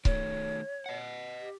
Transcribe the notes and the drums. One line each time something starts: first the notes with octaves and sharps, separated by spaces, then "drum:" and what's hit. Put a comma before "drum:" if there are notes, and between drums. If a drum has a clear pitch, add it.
D#3 A3 C#5, drum: kick C#1
D#5 F#5
G4